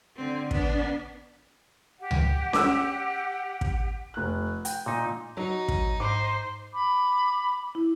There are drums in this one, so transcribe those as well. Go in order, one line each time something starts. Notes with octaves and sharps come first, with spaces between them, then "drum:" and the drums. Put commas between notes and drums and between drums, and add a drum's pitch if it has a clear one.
D3 C4
B3 D4, drum: kick
G4 F#5
drum: tom C#2
D6 E6, drum: snare C#4
drum: kick
F1 F#6
G5, drum: hi-hat
A#2 D#4
F#3 D#4
drum: kick
G#2 C5 D6
B5 D6
E4